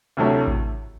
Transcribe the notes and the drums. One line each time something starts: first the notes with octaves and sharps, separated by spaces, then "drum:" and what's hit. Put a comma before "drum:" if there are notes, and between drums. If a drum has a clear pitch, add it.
D2 C3 F#3 A3 E4
drum: kick A1